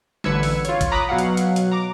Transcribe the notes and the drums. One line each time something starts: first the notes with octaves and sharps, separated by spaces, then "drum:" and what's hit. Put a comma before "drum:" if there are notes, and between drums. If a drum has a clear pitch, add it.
A1 D3 B4 E6 G#6 C#7, drum: snare G3
drum: open hi-hat
F4 C#5, drum: hi-hat
drum: kick G#1, hi-hat
A#5 B5 D6 D#6 F#6 B6
B2 F#3 F5 F#5
drum: hi-hat
drum: hi-hat
drum: hi-hat
A#5 D6